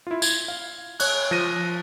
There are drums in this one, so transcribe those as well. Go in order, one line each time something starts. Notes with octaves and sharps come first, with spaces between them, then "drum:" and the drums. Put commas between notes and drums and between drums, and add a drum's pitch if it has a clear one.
E4 F4
G#6, drum: tambourine
F5
C#5 F#6, drum: cymbal
F3 A#6 D#7